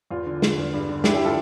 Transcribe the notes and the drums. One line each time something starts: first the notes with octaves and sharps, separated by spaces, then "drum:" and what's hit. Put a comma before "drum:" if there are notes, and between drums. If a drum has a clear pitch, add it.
E2 F4
D3
D3, drum: snare
E2
G2
D3
D3 E4 G4, drum: snare
E4 G4
F4 A4